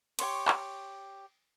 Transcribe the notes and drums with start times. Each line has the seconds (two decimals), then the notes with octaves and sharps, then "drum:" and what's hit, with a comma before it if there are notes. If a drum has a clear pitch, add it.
0.19 G4 C#5 C6 C#6, drum: cymbal
0.48 drum: clap